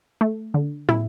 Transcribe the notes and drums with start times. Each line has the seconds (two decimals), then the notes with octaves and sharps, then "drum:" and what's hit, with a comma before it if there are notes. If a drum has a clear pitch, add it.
0.21 A3
0.54 D3
0.89 E4, drum: tom